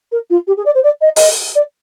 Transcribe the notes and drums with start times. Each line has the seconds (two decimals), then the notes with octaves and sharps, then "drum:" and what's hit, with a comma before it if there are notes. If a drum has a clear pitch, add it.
0.12 A#4
0.30 F4
0.47 G4
0.57 G#4
0.66 D5
0.75 C5
0.84 D5
1.01 D#5
1.16 D#5, drum: open hi-hat
1.55 D5